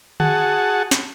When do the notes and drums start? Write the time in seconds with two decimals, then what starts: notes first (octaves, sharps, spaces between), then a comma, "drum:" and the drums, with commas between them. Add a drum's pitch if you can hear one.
0.20 F#4 G#4 F#5 A5, drum: tom D3
0.91 drum: snare